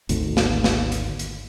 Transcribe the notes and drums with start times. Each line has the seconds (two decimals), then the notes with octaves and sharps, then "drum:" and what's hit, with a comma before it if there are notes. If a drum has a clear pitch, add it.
0.09 G#1 D2, drum: hi-hat
0.37 drum: snare
0.64 drum: snare
0.92 drum: hi-hat
1.19 drum: hi-hat